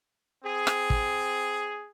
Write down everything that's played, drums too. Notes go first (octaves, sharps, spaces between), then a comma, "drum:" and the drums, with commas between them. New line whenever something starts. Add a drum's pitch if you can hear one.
C4 G#4
drum: rim click
drum: kick